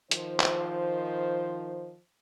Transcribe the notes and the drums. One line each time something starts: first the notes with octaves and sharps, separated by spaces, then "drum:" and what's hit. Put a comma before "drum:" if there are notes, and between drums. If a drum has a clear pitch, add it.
D#3 F3 C5, drum: hi-hat
drum: clap